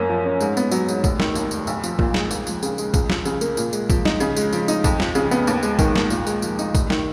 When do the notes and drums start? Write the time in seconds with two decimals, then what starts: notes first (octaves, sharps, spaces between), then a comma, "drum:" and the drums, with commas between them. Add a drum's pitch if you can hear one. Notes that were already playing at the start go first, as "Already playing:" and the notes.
Already playing: F#2 A#3 C#4
0.09 F3
0.25 C#4
0.40 G#2, drum: tambourine
0.57 B3, drum: tambourine
0.72 F#3, drum: tambourine
0.88 G#2, drum: tambourine
1.04 F1, drum: kick A#1, tambourine
1.20 D#3, drum: snare
1.35 D#2, drum: tambourine
1.51 F1, drum: tambourine
1.67 B1, drum: tambourine
1.84 F3, drum: tambourine
1.99 A#2, drum: kick A#1
2.14 G#3, drum: snare
2.31 D#2, drum: tambourine
2.47 F3, drum: tambourine
2.63 C#3, drum: tambourine
2.78 G#3, drum: tambourine
2.94 C#2, drum: kick A#1, tambourine
3.10 F3, drum: snare
3.25 C#3, drum: tambourine
3.41 A#3, drum: tambourine
3.57 A#2, drum: tambourine
3.73 G#3, drum: tambourine
3.90 F3, drum: kick A#1, tambourine
4.05 D#4, drum: snare
4.20 C#3, drum: tambourine
4.37 G#3, drum: tambourine
4.53 F3, drum: tambourine
4.68 D#4, drum: tambourine
4.84 F2, drum: kick A#1, tambourine
5.00 F3, drum: snare
5.15 C#3, drum: tambourine
5.31 B3, drum: tambourine
5.47 D#2, drum: tambourine
5.63 G#3, drum: tambourine
5.79 D#3, drum: kick A#1, tambourine
5.95 D#2, drum: snare
6.10 A#2, drum: tambourine
6.27 G#3, drum: tambourine
6.42 F3, drum: tambourine
6.59 D#4, drum: tambourine
6.75 F1, drum: kick A#1, tambourine
6.90 D#3, drum: snare